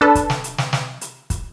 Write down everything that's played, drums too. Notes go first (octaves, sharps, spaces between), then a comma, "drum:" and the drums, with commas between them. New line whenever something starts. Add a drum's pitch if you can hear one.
D4 A4 B4
drum: kick, hi-hat
drum: snare
drum: hi-hat
drum: snare
drum: snare
drum: hi-hat
drum: kick, hi-hat